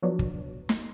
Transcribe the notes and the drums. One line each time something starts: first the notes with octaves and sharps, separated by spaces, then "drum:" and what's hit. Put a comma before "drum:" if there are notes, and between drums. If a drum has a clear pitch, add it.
F3 F#3 B3 D4
drum: kick
drum: snare